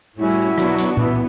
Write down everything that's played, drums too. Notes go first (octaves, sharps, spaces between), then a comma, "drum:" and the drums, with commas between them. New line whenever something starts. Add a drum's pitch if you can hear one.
A2 G3 C#4 E4 F#4
B2 F#3 B3 D4 F#4, drum: rim click
drum: hi-hat
E3 B3 E4, drum: tom A#2